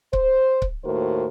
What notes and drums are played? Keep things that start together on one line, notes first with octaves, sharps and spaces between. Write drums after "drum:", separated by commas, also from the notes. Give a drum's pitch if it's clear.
C5, drum: kick C#1
drum: kick C#1
D#2 A2 F#4 A#4 C5